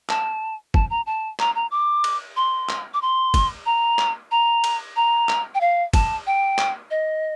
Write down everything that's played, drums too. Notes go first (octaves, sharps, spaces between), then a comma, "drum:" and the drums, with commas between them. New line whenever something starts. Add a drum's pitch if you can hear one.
A5, drum: clap
A5, drum: kick
A#5
A5
A#5, drum: clap
A#5
D6
drum: cymbal
C6
drum: clap
D6
C6
drum: kick, cymbal
A#5
drum: clap
A#5
drum: cymbal
A#5
drum: clap
G5
F5
A5, drum: kick, cymbal
G5
drum: clap
D#5